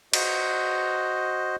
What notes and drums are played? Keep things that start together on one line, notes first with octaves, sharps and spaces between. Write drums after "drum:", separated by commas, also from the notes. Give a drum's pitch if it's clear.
F#4 C5 D#5, drum: cymbal